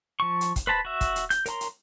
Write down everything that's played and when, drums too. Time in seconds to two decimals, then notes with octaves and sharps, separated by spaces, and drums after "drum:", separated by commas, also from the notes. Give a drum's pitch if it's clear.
0.20 F3 C#6
0.41 drum: hi-hat
0.56 drum: kick, hi-hat
0.67 B4 C5 A5 B5
0.85 F#4 E5
1.01 drum: kick, hi-hat
1.16 drum: hi-hat
1.30 G6, drum: hi-hat
1.46 A#4 C#5 A#5 C6, drum: hi-hat
1.61 drum: hi-hat